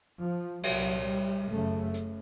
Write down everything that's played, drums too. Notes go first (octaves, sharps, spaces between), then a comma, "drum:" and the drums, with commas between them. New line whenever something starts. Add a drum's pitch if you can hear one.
F3
C2 A#2 F#3, drum: cymbal
G3
F#1 F#2 C#3 A3
drum: hi-hat